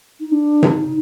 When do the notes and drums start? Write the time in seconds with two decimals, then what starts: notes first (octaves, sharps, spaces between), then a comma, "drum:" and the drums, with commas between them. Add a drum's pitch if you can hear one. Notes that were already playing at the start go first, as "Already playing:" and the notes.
0.20 D#4
0.31 D4
0.63 D#4, drum: tom C3